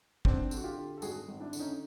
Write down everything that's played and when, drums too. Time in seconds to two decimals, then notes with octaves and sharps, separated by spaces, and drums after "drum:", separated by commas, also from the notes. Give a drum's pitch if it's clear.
0.25 G#1 C4 D4, drum: kick
0.51 D3, drum: tambourine
0.57 F#4
0.64 F4 G4
0.77 D3
0.98 A4
1.02 G#1 F#4 G#4, drum: tambourine
1.28 G#1
1.40 D4 E4
1.53 D3, drum: tambourine
1.59 C#4 D#4